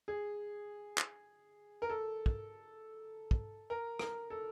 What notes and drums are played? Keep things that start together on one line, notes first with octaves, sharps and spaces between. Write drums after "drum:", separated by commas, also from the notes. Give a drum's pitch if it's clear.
G#4
drum: clap
A#4
A4
drum: kick
drum: kick
A#4
A#4, drum: rim click
A4